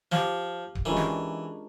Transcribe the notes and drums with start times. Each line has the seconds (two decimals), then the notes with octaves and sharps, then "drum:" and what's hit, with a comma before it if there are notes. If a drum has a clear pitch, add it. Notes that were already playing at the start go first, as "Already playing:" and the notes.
0.12 F3 G4, drum: snare
0.75 drum: kick D1
0.85 E3 G#3 C#4 D4 F4 G4 A#4
0.96 drum: snare